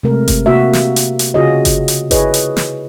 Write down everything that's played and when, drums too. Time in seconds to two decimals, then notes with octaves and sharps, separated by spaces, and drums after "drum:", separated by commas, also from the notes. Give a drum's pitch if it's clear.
0.03 C3 G#3 A3 A#4
0.28 drum: kick G1, hi-hat
0.46 C3 A#3 F#4 E5
0.73 drum: snare
0.96 drum: hi-hat
1.19 drum: hi-hat
1.34 C#3 F4 F#4 G#4 C#5 D#5
1.65 drum: kick G1, hi-hat
1.88 drum: hi-hat
2.11 E4 G#4 B4 C#5 D#5, drum: kick G1, hi-hat
2.34 drum: hi-hat
2.57 drum: snare